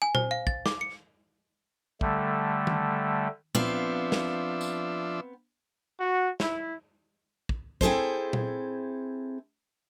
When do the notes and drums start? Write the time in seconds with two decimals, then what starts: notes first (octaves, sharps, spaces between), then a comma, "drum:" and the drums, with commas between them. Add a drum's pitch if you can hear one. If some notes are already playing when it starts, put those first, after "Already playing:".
0.02 G#5
0.15 C5, drum: tom A#2
0.31 F5
0.47 A6, drum: kick
0.66 D6, drum: snare
0.81 C#7
2.01 D3 G3 A3, drum: kick
2.67 drum: tom D#3
3.55 F3 B3 C4 D4 E5 F5, drum: tom A#2
4.12 drum: snare
4.61 drum: tambourine
5.99 F#4
6.40 E4, drum: snare
7.49 drum: kick
7.81 C4 E4 G#4 A4 C5, drum: kick
8.33 drum: tom A#2